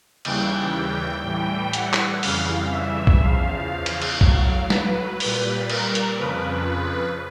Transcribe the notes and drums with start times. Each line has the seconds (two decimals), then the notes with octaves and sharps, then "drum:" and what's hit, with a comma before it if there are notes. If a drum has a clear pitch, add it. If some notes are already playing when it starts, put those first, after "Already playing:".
0.25 D#2 C#3 E3 G3 G5, drum: cymbal
1.24 A2 E3 G3 G5
1.73 F#5, drum: hi-hat
1.93 drum: clap
2.23 F2 C#3 E3 G3 F5, drum: open hi-hat
2.72 E5
3.07 drum: kick B1
3.22 E2 C#3 F3 F5
3.86 drum: cymbal
4.02 drum: cymbal
4.21 A2 F#3, drum: kick B1
4.70 B4, drum: snare
5.20 A#2 G3, drum: open hi-hat
5.70 A#4, drum: cymbal
5.95 drum: hi-hat
6.18 F2 C#3 F3 B4